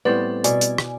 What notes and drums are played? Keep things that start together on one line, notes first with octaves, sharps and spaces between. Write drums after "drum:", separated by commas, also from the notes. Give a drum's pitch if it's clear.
A2 G3 B3 C4 B4 C5 D5 A6
B2 D5 G#5, drum: hi-hat
drum: hi-hat
drum: rim click